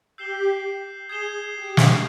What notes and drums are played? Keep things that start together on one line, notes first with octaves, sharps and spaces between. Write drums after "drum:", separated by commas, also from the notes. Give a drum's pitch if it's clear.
G4 E6 G6 C7 E7 G7
G#4 D#6 G#6 C7 E7 G7
G4
drum: snare